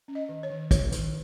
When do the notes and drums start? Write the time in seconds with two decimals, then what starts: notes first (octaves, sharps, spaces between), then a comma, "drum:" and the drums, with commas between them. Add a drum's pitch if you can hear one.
0.08 C#4
0.15 D#5
0.29 D#3
0.43 C#5
0.50 D#3
0.71 D#3 C#5, drum: kick, hi-hat
0.92 D#3, drum: hi-hat